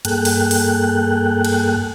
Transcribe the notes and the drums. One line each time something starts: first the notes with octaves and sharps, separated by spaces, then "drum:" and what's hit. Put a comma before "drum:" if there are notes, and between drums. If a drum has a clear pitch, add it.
G2 A#3 G#4 A4 G5 F#6, drum: hi-hat
drum: open hi-hat
drum: open hi-hat
drum: cymbal